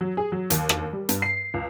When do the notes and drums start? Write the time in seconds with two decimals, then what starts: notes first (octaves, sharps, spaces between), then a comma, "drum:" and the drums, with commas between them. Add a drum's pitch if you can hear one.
0.01 F#3
0.17 G#4
0.32 F#3
0.50 D#2, drum: hi-hat
0.69 drum: rim click
0.93 G3
1.09 G2, drum: hi-hat
1.22 C7
1.54 C#2